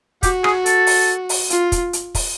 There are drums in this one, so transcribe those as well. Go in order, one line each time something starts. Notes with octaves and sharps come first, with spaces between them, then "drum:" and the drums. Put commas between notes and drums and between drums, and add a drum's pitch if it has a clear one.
F#4 G4, drum: kick, hi-hat
G#4, drum: rim click
A4, drum: hi-hat
drum: open hi-hat
drum: open hi-hat
F4, drum: hi-hat
drum: kick, hi-hat
drum: hi-hat
drum: kick, open hi-hat